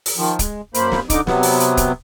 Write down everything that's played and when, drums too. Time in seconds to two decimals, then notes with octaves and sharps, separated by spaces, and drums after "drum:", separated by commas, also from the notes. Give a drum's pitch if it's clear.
0.06 drum: open hi-hat
0.17 D#3 F3
0.39 G#3, drum: kick, hi-hat
0.74 F#2 A#3 C5 B5, drum: hi-hat
0.92 drum: snare
1.10 D3 D#4 D6, drum: kick, hi-hat
1.27 C3 F#3 B3, drum: snare
1.43 drum: open hi-hat
1.60 drum: hi-hat
1.77 drum: kick, hi-hat